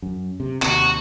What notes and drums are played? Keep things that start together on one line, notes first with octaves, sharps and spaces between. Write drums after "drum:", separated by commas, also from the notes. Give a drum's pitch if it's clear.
F#2
C3
D#2 C3 F#4, drum: clap